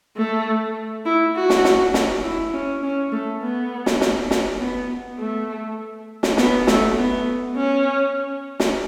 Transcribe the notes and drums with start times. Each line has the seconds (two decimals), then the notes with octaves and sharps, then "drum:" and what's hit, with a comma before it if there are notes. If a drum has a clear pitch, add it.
0.17 A3
1.05 E4
1.35 F#4
1.50 drum: snare
1.64 drum: snare
1.94 drum: snare
2.23 E4
2.53 C#4
2.83 C#4
3.12 A3
3.42 B3
3.86 drum: snare
4.01 drum: snare
4.31 drum: snare
4.60 B3
5.19 A3
6.23 drum: snare
6.37 B3, drum: snare
6.67 A3, drum: snare
6.97 B3
7.56 C#4
8.60 drum: snare